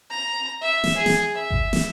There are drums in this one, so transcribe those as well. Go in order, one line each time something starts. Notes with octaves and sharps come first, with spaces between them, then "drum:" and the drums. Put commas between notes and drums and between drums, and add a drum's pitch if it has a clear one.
A#5
E5
drum: snare
G#4
drum: snare
E5
drum: kick G1
drum: snare